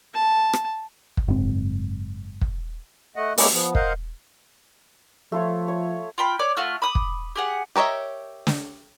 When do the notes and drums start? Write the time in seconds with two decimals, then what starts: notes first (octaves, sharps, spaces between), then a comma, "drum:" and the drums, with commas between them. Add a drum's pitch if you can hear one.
0.14 A5
0.53 drum: rim click
1.17 drum: kick
1.28 F#1 G#2 C4
2.41 drum: kick
3.16 A3 D#5 F#5
3.38 G#3 A#3 B3 C#4 E4 G4, drum: open hi-hat
3.53 F3 B3
3.75 A#4 C5 D#5 F5 F#5, drum: kick
5.32 F3 A3 F4 C#5
5.68 C#5
6.18 F4 G5 B5
6.39 C#5 D5 D6
6.57 A3 F4 F#4 F5
6.82 B5 D6 D#6
6.95 drum: kick
7.36 G4 G#4 F#5
7.76 G4 A#4 C#5 D#5 E5
8.47 drum: snare